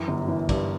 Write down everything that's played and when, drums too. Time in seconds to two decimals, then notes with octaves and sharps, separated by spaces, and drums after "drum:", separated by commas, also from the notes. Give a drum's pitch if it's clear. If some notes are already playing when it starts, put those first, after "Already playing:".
Already playing: F#2 E3
0.08 G1
0.28 E3
0.49 G2, drum: kick, cymbal